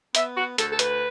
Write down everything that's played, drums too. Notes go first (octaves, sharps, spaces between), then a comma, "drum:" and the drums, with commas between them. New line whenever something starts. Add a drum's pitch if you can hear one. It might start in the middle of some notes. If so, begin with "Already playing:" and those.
B3 E5, drum: hi-hat
F#4
D2 A4, drum: hi-hat
A4
B4, drum: hi-hat